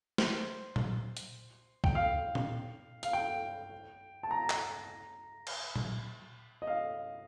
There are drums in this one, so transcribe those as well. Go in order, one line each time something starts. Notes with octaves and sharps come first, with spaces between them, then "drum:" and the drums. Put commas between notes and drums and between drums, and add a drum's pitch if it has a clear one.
C5, drum: snare
drum: tom A#2
drum: hi-hat
G5, drum: kick C2
F5
drum: tom A#2
F5, drum: hi-hat
G5
A5
A#5
drum: clap
drum: cymbal
drum: tom A#2
D#5
F5